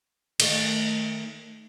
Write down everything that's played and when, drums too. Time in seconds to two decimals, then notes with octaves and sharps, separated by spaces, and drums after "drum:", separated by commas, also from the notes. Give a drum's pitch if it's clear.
0.40 D#3 A3, drum: cymbal